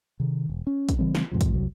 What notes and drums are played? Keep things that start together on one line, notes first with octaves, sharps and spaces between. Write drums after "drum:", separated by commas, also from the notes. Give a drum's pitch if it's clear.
C3 D#3
E1
C#4
drum: kick, hi-hat
C#3 E3 G3 C4
drum: snare
E2 G#2 C3 F3
drum: kick, hi-hat
F1 C2 F#3